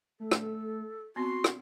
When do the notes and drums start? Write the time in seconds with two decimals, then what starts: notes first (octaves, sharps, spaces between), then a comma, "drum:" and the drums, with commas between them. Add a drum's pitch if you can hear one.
0.20 A3 A4
0.31 drum: rim click
1.16 B3 C4 F#4 C6
1.44 drum: rim click